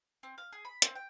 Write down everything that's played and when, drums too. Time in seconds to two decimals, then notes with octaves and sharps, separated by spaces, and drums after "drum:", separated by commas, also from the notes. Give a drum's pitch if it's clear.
0.23 C4
0.38 F5
0.52 G#4
0.65 B5
0.82 C4, drum: hi-hat
0.95 G5